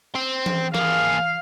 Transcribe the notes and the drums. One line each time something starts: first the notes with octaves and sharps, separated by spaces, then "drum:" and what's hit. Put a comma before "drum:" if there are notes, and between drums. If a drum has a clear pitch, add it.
C4
drum: tom E3
A#3 G#4 F5, drum: tom E3